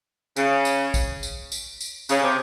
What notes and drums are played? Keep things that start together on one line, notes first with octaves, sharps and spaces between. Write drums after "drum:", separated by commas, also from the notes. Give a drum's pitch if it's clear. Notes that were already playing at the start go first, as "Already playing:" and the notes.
C#3, drum: tambourine
drum: tambourine
drum: kick, tambourine
drum: tambourine
drum: tambourine
drum: tambourine
C#3, drum: tambourine
C3